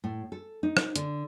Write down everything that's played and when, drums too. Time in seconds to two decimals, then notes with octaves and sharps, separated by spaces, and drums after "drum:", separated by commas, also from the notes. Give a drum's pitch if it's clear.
0.04 A2
0.32 A4
0.63 D#4
0.77 drum: rim click
0.96 D3, drum: hi-hat